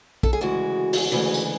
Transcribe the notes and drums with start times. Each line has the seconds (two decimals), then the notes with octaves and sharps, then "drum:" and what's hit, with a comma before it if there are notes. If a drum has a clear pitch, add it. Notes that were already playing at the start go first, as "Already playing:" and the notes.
0.23 A4, drum: kick
0.33 G#4
0.41 D2 C#3 E3 G#3 F#4
0.93 drum: open hi-hat
1.12 D2 C#3 E3 G#3
1.34 drum: tambourine